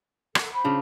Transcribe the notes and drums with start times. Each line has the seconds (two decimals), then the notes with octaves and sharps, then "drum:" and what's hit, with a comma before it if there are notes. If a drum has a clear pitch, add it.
0.35 A4 A#4 F#5, drum: rim click
0.52 C5 B5
0.64 C#3 D4 F4